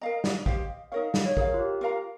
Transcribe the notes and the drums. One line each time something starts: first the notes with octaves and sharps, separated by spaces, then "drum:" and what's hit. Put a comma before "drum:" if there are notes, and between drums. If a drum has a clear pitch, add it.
A#4 D#5 F5 A#5
drum: snare
G4 C5 F5, drum: kick
D#4 A#4 C#5 F5
D#5
D#5, drum: snare
C#5
G#4 A#4 C5 F5, drum: kick
F4
G4
F4 A#4 F5 A#5